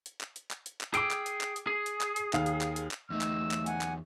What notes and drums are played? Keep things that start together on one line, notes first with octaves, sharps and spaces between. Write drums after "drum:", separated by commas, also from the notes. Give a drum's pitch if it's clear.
drum: hi-hat
drum: clap
drum: hi-hat
drum: clap
drum: hi-hat
drum: clap
G#4 G5 D6 E6, drum: hi-hat
drum: clap
drum: hi-hat
drum: clap
drum: hi-hat
G#4
drum: hi-hat
drum: clap
drum: hi-hat
D#2 F5, drum: clap
drum: hi-hat
drum: clap
drum: hi-hat
drum: clap
E2 A3 D#4 E6
drum: clap
drum: clap
F#5 G#5, drum: hi-hat
drum: clap